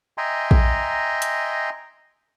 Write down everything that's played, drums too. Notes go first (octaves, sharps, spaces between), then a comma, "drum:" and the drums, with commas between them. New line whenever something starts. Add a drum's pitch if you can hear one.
D#5 E5 G5 G#5 A#5 C6
drum: kick
drum: hi-hat